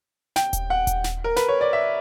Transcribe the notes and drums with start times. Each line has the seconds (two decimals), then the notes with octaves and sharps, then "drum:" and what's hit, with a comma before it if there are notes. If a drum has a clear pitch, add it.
0.36 G5, drum: snare
0.53 drum: kick D#1, hi-hat
0.70 F#5
0.87 drum: kick D#1, hi-hat
1.04 drum: snare
1.24 A#4
1.36 B4, drum: snare
1.49 C#5
1.61 D5
1.73 E5